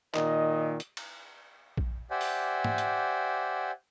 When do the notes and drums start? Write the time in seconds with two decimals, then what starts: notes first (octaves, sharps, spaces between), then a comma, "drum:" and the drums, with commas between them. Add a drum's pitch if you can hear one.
0.15 A#2 D#3 D#5, drum: clap
0.80 drum: hi-hat
0.97 drum: cymbal
1.77 drum: kick A#1
2.11 G4 C5 D5 E5 F#5 G#5
2.21 drum: open hi-hat
2.64 drum: tom G#2
2.78 drum: hi-hat